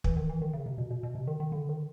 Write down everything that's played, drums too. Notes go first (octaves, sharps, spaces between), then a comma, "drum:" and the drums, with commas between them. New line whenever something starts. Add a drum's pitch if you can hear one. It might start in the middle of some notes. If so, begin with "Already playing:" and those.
E3, drum: kick
D#3
E3
D#3
C#3
C3
B2
B2
B2
C3
D#3
D#3
D3
D#3